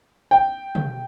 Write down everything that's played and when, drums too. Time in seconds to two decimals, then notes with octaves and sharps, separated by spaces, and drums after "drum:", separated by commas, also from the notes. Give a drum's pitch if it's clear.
0.31 G5
0.75 drum: tom